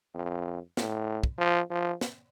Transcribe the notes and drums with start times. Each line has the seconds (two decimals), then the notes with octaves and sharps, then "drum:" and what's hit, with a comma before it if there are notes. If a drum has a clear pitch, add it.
0.15 F2
0.77 A2, drum: snare
1.24 drum: kick
1.38 F3
1.71 F3
2.01 drum: snare